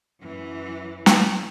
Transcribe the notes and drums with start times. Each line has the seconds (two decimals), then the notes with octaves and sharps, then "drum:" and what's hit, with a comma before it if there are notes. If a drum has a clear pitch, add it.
0.20 F#2 E3
1.06 drum: snare